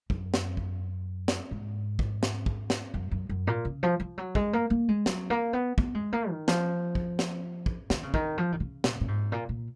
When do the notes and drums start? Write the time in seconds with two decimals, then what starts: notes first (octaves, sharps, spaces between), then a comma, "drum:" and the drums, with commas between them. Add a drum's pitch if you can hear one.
0.10 F#2, drum: kick
0.34 drum: snare
0.57 drum: kick
1.28 drum: snare
1.51 G#2
1.99 drum: kick
2.23 drum: snare
2.46 drum: kick
2.70 drum: snare
2.94 F#2
3.11 F#2
3.29 F#2
3.47 A#2
3.65 C#3
3.83 F3
4.00 F3
4.18 F#3
4.35 G#3, drum: kick
4.53 A#3
4.70 A#3
4.89 G#3
5.06 F#3, drum: snare
5.30 A#3
5.53 B3
5.78 B3, drum: kick
5.95 G#3
6.13 A#3
6.30 D#3
6.48 F3, drum: snare
6.95 drum: kick
7.19 drum: snare
7.66 drum: kick
7.90 D#3, drum: snare
8.03 C#3
8.14 D#3, drum: kick
8.38 F3
8.52 D#3
8.60 C#3
8.84 A#2, drum: snare
9.01 A#2
9.08 G#2
9.32 A#2
9.49 A#2